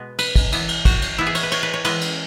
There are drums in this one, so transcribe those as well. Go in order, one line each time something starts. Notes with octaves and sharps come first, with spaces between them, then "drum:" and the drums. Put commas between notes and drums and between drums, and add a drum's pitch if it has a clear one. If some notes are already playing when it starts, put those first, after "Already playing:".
Already playing: B2 G#3 B3
B4, drum: cymbal
drum: kick, cymbal
E3 B3, drum: cymbal
drum: cymbal
F#4, drum: kick, cymbal
drum: cymbal
E3 B3 E4
G#4
C#5, drum: cymbal
B4
C#5, drum: cymbal
B4
C#5
E3 G#3 B3 B4, drum: cymbal
drum: cymbal